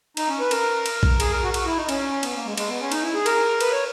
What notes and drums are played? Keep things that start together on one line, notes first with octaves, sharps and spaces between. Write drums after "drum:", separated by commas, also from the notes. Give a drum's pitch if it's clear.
D#4, drum: cymbal
C#4
B4
A#4, drum: cymbal
drum: cymbal
drum: kick A#1
G#4, drum: cymbal
A#4
F#4
F#4, drum: cymbal
E4
D#4
C#4, drum: cymbal
B3, drum: cymbal
A#3
G#3
G#3, drum: cymbal
B3
C#4
D#4, drum: cymbal
E4
G#4
A#4, drum: cymbal
B4, drum: cymbal
C#5